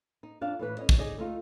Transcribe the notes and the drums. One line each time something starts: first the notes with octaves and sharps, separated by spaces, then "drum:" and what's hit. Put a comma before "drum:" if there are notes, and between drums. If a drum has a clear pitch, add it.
D#4
F2 D4 F5
A2 E3 B4
C#4 D#5
drum: kick
D#4 G#4 D5 D#5
A3 D#4 F4